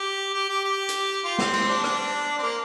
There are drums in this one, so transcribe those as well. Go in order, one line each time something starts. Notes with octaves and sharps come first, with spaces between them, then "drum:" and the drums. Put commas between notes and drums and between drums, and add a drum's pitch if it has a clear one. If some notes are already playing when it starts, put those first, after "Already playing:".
Already playing: G4
G4
G4
G4
drum: hi-hat
F4
C4, drum: snare
C4, drum: cymbal
D4
D4, drum: rim click
C4
A#3